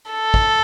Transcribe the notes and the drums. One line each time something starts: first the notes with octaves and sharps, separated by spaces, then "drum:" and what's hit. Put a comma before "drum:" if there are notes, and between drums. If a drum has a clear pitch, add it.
A4
drum: kick